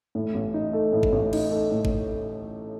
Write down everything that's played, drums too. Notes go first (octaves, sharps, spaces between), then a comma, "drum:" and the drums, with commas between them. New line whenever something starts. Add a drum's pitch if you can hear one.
A2
A1
D#4
A3
A2
drum: kick G1
A1
D#4, drum: cymbal
A3
A2
drum: kick G1